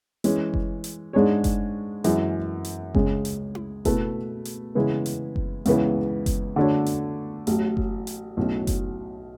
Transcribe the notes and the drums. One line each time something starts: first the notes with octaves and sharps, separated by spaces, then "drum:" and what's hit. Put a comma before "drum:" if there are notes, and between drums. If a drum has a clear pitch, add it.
E3 G#3 C#4, drum: hi-hat
drum: kick F#1
drum: hi-hat
G#2 G#3 D4 G#4 C#5
drum: kick F#1, hi-hat
F#2 E3 G#3, drum: hi-hat
drum: hi-hat
C#2 C#3 G#3 C#4 G#4, drum: kick F#1
drum: hi-hat
drum: tom E4
B2 A3 E4 B4, drum: kick F#1, hi-hat
drum: hi-hat
C#3 E3 G#3 B3 E4
drum: hi-hat
drum: kick F#1
C#2 C#3 E3 B3 E4, drum: hi-hat
drum: kick F#1, hi-hat
D3 A3 D4 F#4 C#5
drum: hi-hat
A1 A2 F#3, drum: hi-hat
drum: kick F#1
drum: hi-hat
B1 A2 F#3 C#4 F#4
drum: kick F#1, hi-hat